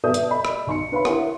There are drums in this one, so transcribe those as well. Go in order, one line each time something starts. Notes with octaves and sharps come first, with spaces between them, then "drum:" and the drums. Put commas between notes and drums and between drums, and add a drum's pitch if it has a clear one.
B2 A4 D5 E5 D#6 G6
drum: hi-hat
D5 D#5 B5
drum: rim click
B1 C6 C#7
D4 B4 C#5 E5 F5 B5
E4 A#4 C#5 E5 F#5 C6, drum: rim click